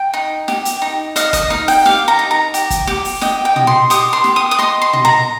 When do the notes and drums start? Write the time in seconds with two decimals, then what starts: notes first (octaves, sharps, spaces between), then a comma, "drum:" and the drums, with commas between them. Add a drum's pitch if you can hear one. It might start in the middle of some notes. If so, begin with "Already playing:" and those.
Already playing: G5
0.14 D#4
0.48 G4, drum: snare
0.65 drum: hi-hat
0.82 D#4
1.16 D#5 F5, drum: hi-hat
1.33 D#5, drum: kick, hi-hat
1.50 D#4 F5, drum: snare
1.68 G5, drum: open hi-hat
1.85 G4 F5, drum: snare
2.08 A#5
2.19 D#4
2.31 A#5
2.54 G4, drum: hi-hat
2.70 drum: kick, hi-hat
2.87 G4, drum: snare
3.05 drum: open hi-hat
3.21 D#5 G5, drum: snare
3.45 G5
3.56 D#5, drum: tom
3.67 C6
3.90 G4 D#6, drum: hi-hat
4.13 C6
4.24 G4, drum: snare
4.36 D#6
4.51 D#6
4.59 D#5 C6, drum: snare
4.82 C6
4.93 D#5, drum: tom
5.05 A#5